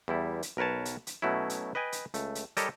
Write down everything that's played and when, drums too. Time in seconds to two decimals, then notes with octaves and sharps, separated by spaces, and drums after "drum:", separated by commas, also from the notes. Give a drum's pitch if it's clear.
0.08 E2 G3 E4
0.43 drum: hi-hat
0.57 B1 A#4 B4 C#5 A5
0.85 drum: hi-hat
1.07 drum: hi-hat
1.22 B2 F#3 A3 C#4 E4
1.50 drum: hi-hat
1.75 B4 D#5 G5 G#5
1.92 drum: hi-hat
2.14 C#2 A3, drum: hi-hat
2.35 drum: hi-hat
2.57 G3 G4 A4 A#4 C#5 D#5, drum: hi-hat